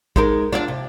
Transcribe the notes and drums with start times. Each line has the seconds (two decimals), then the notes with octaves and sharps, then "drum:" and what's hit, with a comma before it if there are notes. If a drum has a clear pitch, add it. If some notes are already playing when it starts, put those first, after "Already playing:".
0.16 G#3 D#4 A#4, drum: kick
0.53 D4 F4 D5
0.68 C3